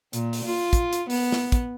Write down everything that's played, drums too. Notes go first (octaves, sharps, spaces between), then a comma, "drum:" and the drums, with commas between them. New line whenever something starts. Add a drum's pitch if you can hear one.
A#2, drum: hi-hat
drum: open hi-hat
F4
drum: kick, hi-hat
drum: hi-hat
B3, drum: open hi-hat
drum: snare
drum: kick, hi-hat